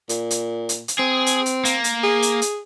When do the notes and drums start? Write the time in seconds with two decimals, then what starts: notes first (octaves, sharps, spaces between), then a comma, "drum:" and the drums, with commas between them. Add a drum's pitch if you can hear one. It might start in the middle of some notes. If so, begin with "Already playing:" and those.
0.09 A#2, drum: hi-hat
0.31 drum: hi-hat
0.69 drum: hi-hat
0.88 drum: hi-hat
0.99 C4 G#4
1.26 drum: hi-hat
1.46 drum: hi-hat
1.65 A#3, drum: hi-hat
1.84 drum: hi-hat
2.03 G#4
2.22 drum: hi-hat
2.42 drum: hi-hat